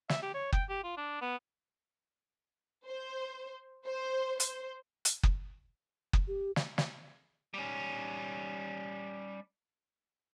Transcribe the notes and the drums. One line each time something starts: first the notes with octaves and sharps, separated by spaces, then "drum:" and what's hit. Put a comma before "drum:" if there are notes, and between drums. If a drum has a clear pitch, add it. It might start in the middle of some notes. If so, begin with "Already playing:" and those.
E5, drum: snare
G4
C#5
G5, drum: kick F#1
G4
F4
D4
B3
C5
C5
C5, drum: hi-hat
drum: hi-hat
drum: kick F#1
drum: kick F#1
G4
drum: snare
drum: snare
G3 C#4